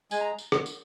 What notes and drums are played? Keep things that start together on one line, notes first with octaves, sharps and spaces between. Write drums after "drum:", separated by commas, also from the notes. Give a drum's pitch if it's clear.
G#3 G#5, drum: tambourine
A#5
drum: tambourine
drum: rim click
drum: tambourine